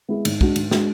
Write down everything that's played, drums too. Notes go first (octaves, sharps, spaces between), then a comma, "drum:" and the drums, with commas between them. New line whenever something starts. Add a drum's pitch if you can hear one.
G#3 B3 E4 G#4
G#2, drum: cymbal
G#3 D4 F#4, drum: kick
G#2, drum: cymbal
G#3 D4 F#4, drum: snare